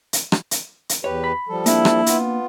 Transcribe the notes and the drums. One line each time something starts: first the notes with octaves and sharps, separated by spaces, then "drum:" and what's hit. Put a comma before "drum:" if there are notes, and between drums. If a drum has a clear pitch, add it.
drum: hi-hat
drum: rim click
drum: hi-hat
drum: hi-hat
E2 G4 B4 C#5
B5
F3 G3 A4
A#3 C4 D4 E4, drum: hi-hat
drum: rim click
B3 F4, drum: hi-hat